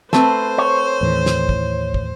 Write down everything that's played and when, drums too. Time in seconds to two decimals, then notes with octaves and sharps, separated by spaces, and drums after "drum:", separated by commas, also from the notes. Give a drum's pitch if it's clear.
0.13 A3 C4 B4 C5, drum: snare
0.58 C#5
1.01 D#2 A2 E3
1.26 drum: snare
1.49 drum: kick
1.94 drum: kick